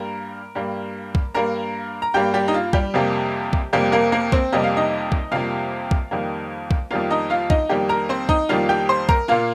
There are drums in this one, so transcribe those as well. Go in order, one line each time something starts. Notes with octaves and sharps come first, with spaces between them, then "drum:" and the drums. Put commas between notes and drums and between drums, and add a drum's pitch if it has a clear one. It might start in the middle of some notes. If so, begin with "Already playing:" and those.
Already playing: G2 G3 A#3 A#4 A#5
G2 G3 A#3
drum: kick B1
G2 G3 A#3 A#4 A#5
A#5
G2 G3 A#3 G4 G5
G3 G4
D#4
F4
G3 G4, drum: kick B1
F2 C3 G3 A#3
drum: kick B1
F2 C3 G3 A#3 G4
A#3 A#4
A#3 A#4
C4 C5, drum: kick B1
F2 C3 G3 A#3 D#5
F5
D#4 D#5
drum: kick B1
F2 C3 G3 A#3 F4 F5
drum: kick B1
F2 D#3 G3 A#3
drum: kick B1
F2 D#3 G3 A#3 F4 F5
D#4 D#5
F4 F5
D#4 D#5, drum: kick B1
F2 D#3 G3 A#3 G4 G5
A#4 A#5
C4 C5
D#4 D#5, drum: kick B1
F2 D#3 G3 A#3 F4 F5
G4 G5
C5 C6
A#4 A#5, drum: kick B1
A#2 A#3 F4 F5